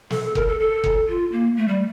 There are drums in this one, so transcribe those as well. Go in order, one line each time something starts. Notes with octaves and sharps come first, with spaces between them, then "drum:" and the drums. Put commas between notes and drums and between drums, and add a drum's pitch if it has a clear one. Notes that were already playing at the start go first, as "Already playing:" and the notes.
A4, drum: snare
A4
A#4, drum: kick F#1
A4
A4
drum: kick F#1
F4
A#3
A3
G3